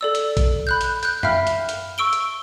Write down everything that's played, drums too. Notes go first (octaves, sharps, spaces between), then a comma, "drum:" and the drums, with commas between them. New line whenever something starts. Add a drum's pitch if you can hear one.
A4 D5 E6
drum: hi-hat
drum: kick, hi-hat
B5 F#6 G6
drum: hi-hat
F#6 G6, drum: hi-hat
E5 F5 G5 B5 F6, drum: tom F#2
drum: hi-hat
drum: hi-hat
C#6 E6 D7 G7
drum: hi-hat